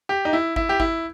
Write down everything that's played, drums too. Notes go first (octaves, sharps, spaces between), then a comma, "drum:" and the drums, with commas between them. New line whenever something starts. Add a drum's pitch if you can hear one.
G4
D#4
E4
E4, drum: kick G#1
G4
E4, drum: kick G#1